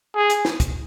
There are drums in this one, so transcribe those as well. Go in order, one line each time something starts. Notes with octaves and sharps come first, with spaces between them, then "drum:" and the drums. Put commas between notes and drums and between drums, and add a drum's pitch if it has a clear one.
G#4
drum: hi-hat
drum: snare
drum: kick, hi-hat